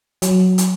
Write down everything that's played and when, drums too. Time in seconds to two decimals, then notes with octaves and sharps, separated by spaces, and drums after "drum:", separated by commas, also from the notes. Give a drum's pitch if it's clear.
0.22 F#3, drum: hi-hat
0.58 drum: hi-hat